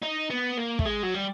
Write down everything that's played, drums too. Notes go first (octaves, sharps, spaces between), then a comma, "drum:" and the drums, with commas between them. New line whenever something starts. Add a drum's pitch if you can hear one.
D#4
B3
A#3
A3, drum: kick
G#3
F#3
G3